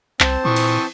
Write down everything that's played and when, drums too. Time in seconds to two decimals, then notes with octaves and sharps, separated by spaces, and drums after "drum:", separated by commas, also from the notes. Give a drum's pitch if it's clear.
0.20 C2 C4 C5 A5, drum: clap
0.45 A#2 E3 C#6 D#6
0.56 drum: cymbal